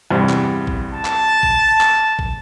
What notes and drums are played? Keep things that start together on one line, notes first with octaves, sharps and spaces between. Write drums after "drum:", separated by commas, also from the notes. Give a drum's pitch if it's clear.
E2 G2 C3
drum: clap
drum: kick A#1
A5
drum: clap
drum: kick A#1
drum: clap
drum: kick A#1